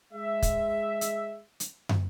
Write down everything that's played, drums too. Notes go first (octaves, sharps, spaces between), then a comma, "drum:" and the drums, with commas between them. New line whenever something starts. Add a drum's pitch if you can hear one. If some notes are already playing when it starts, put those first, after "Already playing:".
G#3 E5
drum: kick, hi-hat
drum: hi-hat
drum: hi-hat
drum: tom